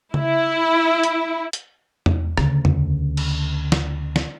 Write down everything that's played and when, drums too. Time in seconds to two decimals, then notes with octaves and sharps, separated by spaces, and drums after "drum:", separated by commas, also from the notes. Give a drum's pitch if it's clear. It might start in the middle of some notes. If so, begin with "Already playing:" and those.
0.14 E4, drum: tom C#3
1.03 drum: hi-hat
1.53 drum: hi-hat
2.06 drum: tom E2
2.37 D2 C#3, drum: rim click
2.65 drum: tom E2
3.17 drum: cymbal
3.72 drum: snare
4.16 drum: snare